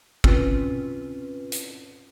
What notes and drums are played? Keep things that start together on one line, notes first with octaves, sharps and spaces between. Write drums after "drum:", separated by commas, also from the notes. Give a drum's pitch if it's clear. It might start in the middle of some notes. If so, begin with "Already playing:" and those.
C4 C#4 F4 B4, drum: kick
drum: hi-hat